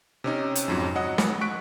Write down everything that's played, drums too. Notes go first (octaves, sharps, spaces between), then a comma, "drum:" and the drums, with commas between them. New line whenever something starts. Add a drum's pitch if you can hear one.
C3 C#4 D#4
drum: hi-hat
F2 G#2 F#3
F#3 D#5 F#5
drum: snare
C#6 F#6 B6 D7